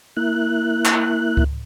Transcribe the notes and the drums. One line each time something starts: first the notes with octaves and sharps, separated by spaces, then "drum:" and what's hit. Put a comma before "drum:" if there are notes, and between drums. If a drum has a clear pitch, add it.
A#3 E4 F#6
drum: clap
drum: kick C#2